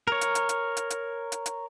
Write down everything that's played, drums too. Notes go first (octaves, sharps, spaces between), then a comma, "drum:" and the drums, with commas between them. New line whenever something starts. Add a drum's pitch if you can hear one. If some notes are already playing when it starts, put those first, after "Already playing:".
A#4 C#5
drum: hi-hat
drum: hi-hat
drum: hi-hat
drum: hi-hat
drum: hi-hat
drum: hi-hat
drum: hi-hat